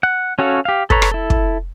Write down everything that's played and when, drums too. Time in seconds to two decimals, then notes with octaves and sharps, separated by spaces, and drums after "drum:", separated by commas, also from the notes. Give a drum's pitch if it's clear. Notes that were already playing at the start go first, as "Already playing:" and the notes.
0.03 F#5
0.39 C#4 F#4 A4 C#5 F5
0.65 G4 F5
0.90 A4 B4 C#5 A#5, drum: kick
1.02 drum: rim click
1.11 E4 A4
1.30 drum: kick